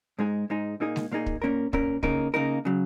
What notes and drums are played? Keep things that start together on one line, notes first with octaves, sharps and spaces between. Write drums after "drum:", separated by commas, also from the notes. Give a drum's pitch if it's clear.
G#2 G#3 D#4 G#4
G#2 G#3 D#4 G#4
A#2 A#3 D#4 G#4
drum: snare G#3
A#2 A#3 D#4 G#4
drum: kick
A#2 A#3 C#4 A#4
A#2 A#3 C#4 A#4, drum: kick
C#3 A#3 D#4 A#4, drum: kick
C#3 A#3 D#4 A#4
C#3 F#3